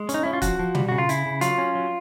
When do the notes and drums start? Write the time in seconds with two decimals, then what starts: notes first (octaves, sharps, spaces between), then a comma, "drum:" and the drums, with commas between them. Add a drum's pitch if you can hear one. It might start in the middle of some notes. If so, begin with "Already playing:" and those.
Already playing: G#3
0.09 C#4, drum: hi-hat
0.14 D#4
0.23 C#4 E4
0.33 F4
0.42 F3 F#4, drum: kick, hi-hat
0.59 F3
0.75 G3, drum: tom B2
0.89 C#3 F#4
0.98 F4
1.09 C#3 E4, drum: hi-hat
1.26 C#3
1.41 F#3 F4, drum: hi-hat
1.58 C#4
1.75 F#3